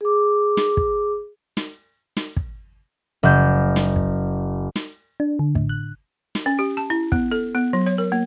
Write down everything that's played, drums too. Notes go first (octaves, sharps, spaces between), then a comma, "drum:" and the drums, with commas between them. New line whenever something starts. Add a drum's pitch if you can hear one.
G#4 D6
drum: snare
drum: kick
drum: snare
drum: snare
drum: kick
F#1 F#3 G6
drum: snare
drum: kick
drum: snare
D4
D3
A2, drum: kick
F#6
drum: snare
C#4
G4
A5
E4
B3, drum: kick
A4
B3
F#3
C#5
A#4
A#3